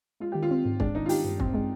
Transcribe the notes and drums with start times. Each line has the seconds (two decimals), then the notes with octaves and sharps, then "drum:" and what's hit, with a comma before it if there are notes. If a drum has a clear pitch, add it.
0.20 G#3 F4
0.32 D#3 G4
0.43 F4
0.51 C4
0.65 G#2
0.80 G#3 D4, drum: kick
0.95 D#3 D#4
1.06 F4
1.09 D#4 G4, drum: open hi-hat
1.25 G2
1.40 C4, drum: kick
1.54 G#3